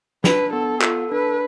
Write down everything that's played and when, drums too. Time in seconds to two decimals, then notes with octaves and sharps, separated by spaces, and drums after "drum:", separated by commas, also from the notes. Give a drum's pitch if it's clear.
0.24 D4 B4, drum: snare
0.53 B3 A4
0.82 F4 A4, drum: clap
1.12 D4 B4